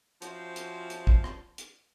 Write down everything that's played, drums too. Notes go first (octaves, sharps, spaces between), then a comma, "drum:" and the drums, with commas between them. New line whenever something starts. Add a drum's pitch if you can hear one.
F3 C#4 E4 F#4 C5, drum: hi-hat
drum: hi-hat
drum: hi-hat
drum: kick
drum: rim click
drum: hi-hat